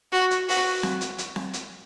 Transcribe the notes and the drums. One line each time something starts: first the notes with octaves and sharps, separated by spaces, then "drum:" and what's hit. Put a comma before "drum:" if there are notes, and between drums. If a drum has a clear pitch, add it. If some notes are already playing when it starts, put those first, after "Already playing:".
F#4
drum: hi-hat
F#4, drum: open hi-hat
drum: snare C4
drum: hi-hat
drum: hi-hat
drum: snare C4
drum: hi-hat